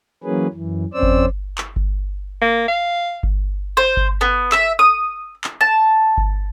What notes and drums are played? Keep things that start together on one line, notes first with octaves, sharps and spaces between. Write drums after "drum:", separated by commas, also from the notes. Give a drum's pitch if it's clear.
E3 F#3 A#3 C#4 G#4 B4
F#2 E3
F2 C4 C#4 C5 D5 E6
drum: kick G1
drum: clap
drum: kick G1
A#3
F5
drum: kick G1
C5
drum: kick G1
B3
E5, drum: clap
D#6
drum: clap
A5
drum: kick G1